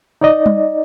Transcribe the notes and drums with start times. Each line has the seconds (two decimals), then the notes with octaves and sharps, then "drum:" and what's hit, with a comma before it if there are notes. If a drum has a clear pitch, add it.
0.21 D#4 D5 D#5
0.46 drum: tom G3